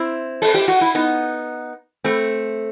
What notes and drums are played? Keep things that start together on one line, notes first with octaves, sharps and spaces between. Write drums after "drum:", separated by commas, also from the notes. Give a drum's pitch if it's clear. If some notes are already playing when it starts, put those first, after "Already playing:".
Already playing: C4 E4
A4, drum: open hi-hat
G4
F#4
E4
B3 D#4
A3 C4